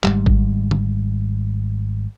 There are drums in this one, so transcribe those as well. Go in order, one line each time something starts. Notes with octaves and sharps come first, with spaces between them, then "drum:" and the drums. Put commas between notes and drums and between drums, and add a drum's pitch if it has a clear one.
G#1 G#2 G3, drum: clap
drum: kick G#1
drum: tom